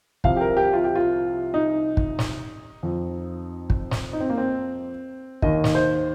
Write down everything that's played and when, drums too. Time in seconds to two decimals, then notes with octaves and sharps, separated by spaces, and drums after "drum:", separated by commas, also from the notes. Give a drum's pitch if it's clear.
0.24 C2 C3 F3 F5, drum: kick
0.37 G4
0.41 A#4
0.57 G4
0.73 F4
0.84 G4
0.95 F4
1.54 D#4
1.97 drum: kick
2.19 drum: snare
2.83 F2 F3
3.70 drum: kick
3.91 drum: snare
4.13 D#4
4.21 C4
4.30 A#3
4.38 C4
5.42 D#2 D#3 D#5, drum: kick
5.64 drum: snare
5.75 C5